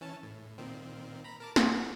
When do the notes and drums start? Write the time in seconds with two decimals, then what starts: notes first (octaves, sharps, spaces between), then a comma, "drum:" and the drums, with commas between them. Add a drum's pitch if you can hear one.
0.01 E3 C#4 A5
0.23 A2
0.58 A#2 D#3 C4
1.24 A#5 B5
1.40 A#4 A5 D6
1.56 F#5, drum: snare